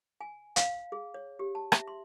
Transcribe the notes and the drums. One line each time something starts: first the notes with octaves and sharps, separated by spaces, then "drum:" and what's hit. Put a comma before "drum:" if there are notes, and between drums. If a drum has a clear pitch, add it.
G#5
F5, drum: hi-hat
G#4
C#5
G4
A5
E5, drum: rim click
C6